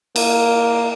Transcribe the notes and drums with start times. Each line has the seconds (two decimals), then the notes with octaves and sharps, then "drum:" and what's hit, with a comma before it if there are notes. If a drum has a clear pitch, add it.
0.16 A#3, drum: cymbal